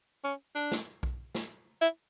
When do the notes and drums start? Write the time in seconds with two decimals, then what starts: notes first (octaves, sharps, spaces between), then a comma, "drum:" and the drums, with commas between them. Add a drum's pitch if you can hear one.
0.24 C#4
0.55 D4
0.71 drum: snare
1.03 drum: kick B1
1.35 drum: snare
1.81 E4